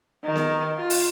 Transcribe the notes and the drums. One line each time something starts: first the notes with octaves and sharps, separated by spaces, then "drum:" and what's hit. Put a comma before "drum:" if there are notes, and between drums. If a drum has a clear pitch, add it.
D#3
drum: snare B3
F4
drum: open hi-hat